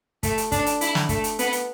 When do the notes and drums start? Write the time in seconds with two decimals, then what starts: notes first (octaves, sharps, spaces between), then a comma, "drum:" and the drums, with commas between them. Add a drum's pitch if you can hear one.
0.23 A3, drum: kick, hi-hat
0.38 drum: hi-hat
0.52 D4, drum: kick, hi-hat
0.66 drum: hi-hat
0.81 E4, drum: hi-hat
0.95 drum: snare
1.09 A3, drum: kick, hi-hat
1.24 drum: hi-hat
1.39 B3, drum: hi-hat
1.52 drum: hi-hat